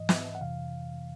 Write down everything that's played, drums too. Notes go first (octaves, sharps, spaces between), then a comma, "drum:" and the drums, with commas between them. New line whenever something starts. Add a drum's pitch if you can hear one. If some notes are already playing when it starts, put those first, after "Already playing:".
Already playing: G#2 E3 D#5
E5, drum: snare
F#5
F2 C3 E3 F5